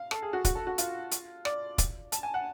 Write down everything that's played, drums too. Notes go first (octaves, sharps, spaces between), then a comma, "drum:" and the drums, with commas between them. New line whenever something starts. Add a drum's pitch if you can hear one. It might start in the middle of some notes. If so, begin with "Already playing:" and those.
Already playing: F5
A4, drum: rim click
G#4
F#4
F#4, drum: kick, hi-hat
A4
F#4
F4, drum: hi-hat
drum: hi-hat
D5, drum: rim click
drum: kick, hi-hat
A5, drum: hi-hat
G#5
F#5